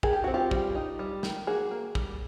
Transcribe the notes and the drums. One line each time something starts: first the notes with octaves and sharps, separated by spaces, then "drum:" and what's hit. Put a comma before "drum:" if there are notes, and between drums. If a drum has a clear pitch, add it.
D#3 G#4, drum: kick
G4
C4 F#4
F4 G4
G3, drum: kick
D#4
G3
D#3, drum: snare
A#3 F#4 G#4
A#3
G3, drum: kick